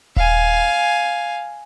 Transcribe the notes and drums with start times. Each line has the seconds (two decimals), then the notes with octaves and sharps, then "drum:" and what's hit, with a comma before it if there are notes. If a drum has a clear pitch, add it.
0.16 F5 G#5, drum: kick D#1